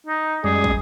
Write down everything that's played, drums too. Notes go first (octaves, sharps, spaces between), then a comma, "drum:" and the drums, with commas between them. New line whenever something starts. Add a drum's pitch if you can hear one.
D#4
F#2 G3 G#3 G#4
drum: kick